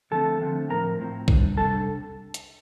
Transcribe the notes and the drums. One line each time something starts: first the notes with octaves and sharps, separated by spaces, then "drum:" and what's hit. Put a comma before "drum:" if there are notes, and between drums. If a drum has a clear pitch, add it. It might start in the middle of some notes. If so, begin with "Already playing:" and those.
D3 F3 A3 C4 A4 A5
D3 F3 A3 C4
A2 F3 C4 A#4 A#5
A2 F3 C4
C3 G3 D4, drum: kick A#1
C3 G3 D4 A4 A5
drum: hi-hat